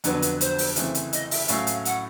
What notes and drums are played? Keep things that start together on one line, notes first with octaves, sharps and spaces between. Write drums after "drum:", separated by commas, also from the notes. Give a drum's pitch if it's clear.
F2 D3 F#3 B3 D4 B4, drum: hi-hat
drum: hi-hat
C5, drum: hi-hat
drum: open hi-hat
C#3 E3 A3 C4, drum: hi-hat
drum: hi-hat
D#5, drum: hi-hat
E5, drum: open hi-hat
A2 F#3 A3 C#4 F5, drum: hi-hat
drum: hi-hat
F#5, drum: hi-hat